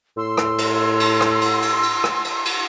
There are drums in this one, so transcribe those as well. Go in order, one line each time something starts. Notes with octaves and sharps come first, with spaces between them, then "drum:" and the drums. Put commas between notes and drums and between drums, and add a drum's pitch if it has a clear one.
A2 C6 E6
drum: rim click
drum: cymbal
drum: cymbal
drum: rim click
drum: cymbal
drum: cymbal
drum: cymbal
drum: rim click
drum: cymbal
drum: cymbal